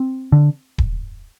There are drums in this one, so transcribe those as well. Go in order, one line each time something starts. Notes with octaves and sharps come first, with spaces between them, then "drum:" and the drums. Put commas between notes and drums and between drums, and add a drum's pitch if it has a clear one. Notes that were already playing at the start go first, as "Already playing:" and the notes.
Already playing: C4
D3
drum: kick D#1